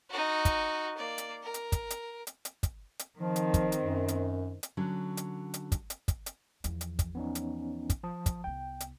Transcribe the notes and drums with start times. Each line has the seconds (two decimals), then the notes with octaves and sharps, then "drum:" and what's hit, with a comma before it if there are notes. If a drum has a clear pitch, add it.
0.10 D#4 F#4
0.45 drum: kick, hi-hat
0.98 A#3 D5
1.18 drum: hi-hat
1.43 A#4
1.54 drum: hi-hat
1.72 drum: kick, hi-hat
1.90 drum: hi-hat
2.27 drum: hi-hat
2.45 drum: hi-hat
2.63 drum: kick, hi-hat
2.99 drum: hi-hat
3.19 D#3 F3 C4
3.36 drum: hi-hat
3.54 drum: kick, hi-hat
3.72 drum: hi-hat
3.82 F#2
4.08 drum: hi-hat
4.63 drum: hi-hat
4.77 D3 F#3 C#4
5.17 drum: hi-hat
5.54 drum: hi-hat
5.72 drum: kick, hi-hat
5.90 drum: hi-hat
6.08 drum: kick, hi-hat
6.26 drum: hi-hat
6.64 E2 F3, drum: hi-hat
6.81 drum: hi-hat
6.99 drum: kick, hi-hat
7.15 B3 C#4 D#4
7.35 drum: hi-hat
7.90 drum: kick, hi-hat
8.04 F3 A5 D#6
8.26 drum: kick, hi-hat
8.44 C2 B3 G5
8.80 drum: hi-hat